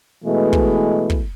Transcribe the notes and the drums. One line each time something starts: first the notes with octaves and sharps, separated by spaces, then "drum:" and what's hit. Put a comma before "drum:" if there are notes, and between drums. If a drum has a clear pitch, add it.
B2 E3 G#3 A3
drum: kick
drum: kick